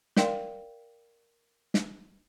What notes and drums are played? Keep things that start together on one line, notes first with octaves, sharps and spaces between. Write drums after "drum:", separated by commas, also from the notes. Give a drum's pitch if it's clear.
A#4 D5 F5 G5 C6, drum: snare
drum: snare